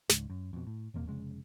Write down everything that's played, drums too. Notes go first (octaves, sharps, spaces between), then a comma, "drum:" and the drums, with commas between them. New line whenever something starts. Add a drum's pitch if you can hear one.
C#2 G#2, drum: snare
F#2
F2 B2
A2
D#1 E2 C3 A#3
F1 C#3 G#3